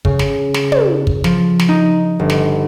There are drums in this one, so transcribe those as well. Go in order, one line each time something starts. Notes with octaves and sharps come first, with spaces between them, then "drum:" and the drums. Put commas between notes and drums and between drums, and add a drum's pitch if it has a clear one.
C#3, drum: kick
drum: snare
E7, drum: snare
drum: tom
drum: kick
F3, drum: snare
drum: snare
D#4
G1
drum: snare